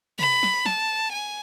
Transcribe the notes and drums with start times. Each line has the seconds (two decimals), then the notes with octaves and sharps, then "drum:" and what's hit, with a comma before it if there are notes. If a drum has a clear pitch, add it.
0.19 B5, drum: tom
0.43 drum: snare
0.66 A5, drum: snare
1.13 G#5